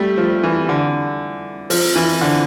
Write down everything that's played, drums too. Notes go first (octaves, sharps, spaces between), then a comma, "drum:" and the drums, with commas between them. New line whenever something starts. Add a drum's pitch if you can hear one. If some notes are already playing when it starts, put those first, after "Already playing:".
Already playing: G3 A3
F3
E3
D3
F3, drum: open hi-hat
E3
D3